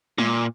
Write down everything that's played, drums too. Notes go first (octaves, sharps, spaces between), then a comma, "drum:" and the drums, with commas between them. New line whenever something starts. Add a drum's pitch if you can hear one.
A#2, drum: tom